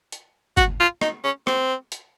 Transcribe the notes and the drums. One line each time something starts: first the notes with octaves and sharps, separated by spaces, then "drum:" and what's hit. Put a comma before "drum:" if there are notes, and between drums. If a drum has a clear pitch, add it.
drum: hi-hat
F#4, drum: kick G1, hi-hat
F4
D#4, drum: rim click
C#4
C4, drum: rim click
drum: hi-hat